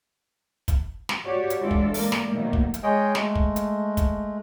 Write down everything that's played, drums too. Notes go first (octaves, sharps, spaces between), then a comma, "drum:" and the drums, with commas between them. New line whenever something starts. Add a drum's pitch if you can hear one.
drum: kick, hi-hat
drum: snare
F#4 G4 C#5 D5
drum: hi-hat
E3 G#3 D4 F4 A4 D5
drum: kick
A#3 A#4 D5, drum: open hi-hat
drum: snare
B2 D#3 F#3 A3 A#3
drum: kick
drum: hi-hat
G#3 G#4 C#5 D#5 G5
G#3 A3, drum: snare
drum: kick
drum: hi-hat
drum: kick, hi-hat